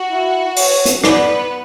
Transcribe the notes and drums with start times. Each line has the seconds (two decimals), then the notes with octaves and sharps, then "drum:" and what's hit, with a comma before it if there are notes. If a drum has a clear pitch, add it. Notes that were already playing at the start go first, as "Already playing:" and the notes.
Already playing: F#4
0.11 E4
0.56 C#5, drum: open hi-hat
0.86 drum: hi-hat
1.04 B3 B4 D5, drum: rim click